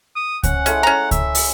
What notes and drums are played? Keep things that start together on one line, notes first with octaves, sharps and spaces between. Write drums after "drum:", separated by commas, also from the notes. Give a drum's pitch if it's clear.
D#6
C#4 F#5, drum: kick C#2, hi-hat
G#3 A3 C#4 E4, drum: hi-hat
C#4 A#5
E5, drum: kick C#2, hi-hat
drum: open hi-hat